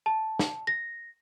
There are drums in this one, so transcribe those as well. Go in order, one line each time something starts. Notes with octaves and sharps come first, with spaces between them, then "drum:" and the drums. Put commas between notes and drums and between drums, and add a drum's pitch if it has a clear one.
A5
drum: snare
A#6